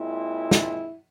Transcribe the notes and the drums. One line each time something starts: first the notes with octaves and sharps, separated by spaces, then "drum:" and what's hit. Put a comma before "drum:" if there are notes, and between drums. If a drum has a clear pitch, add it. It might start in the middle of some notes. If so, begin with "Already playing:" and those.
Already playing: A#2 G#3 C4 E4
drum: snare